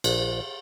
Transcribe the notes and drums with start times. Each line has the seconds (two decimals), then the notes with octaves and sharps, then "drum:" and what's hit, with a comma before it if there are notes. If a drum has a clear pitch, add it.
0.04 A#1, drum: cymbal